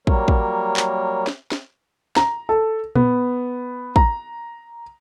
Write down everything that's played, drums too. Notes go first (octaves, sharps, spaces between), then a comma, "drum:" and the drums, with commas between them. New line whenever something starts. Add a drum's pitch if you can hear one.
F#3 G3 A#3 A#4 C#5, drum: kick
drum: kick
drum: clap
drum: snare
drum: snare
A#5, drum: snare
A4
B3, drum: tom A#2
A#5, drum: kick